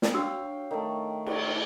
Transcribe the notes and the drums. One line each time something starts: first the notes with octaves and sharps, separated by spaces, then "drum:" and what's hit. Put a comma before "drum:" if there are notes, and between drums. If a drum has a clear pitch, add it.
drum: snare
D4 F#4 C#5 F5 G5 E6
D#3 A3
C#6, drum: cymbal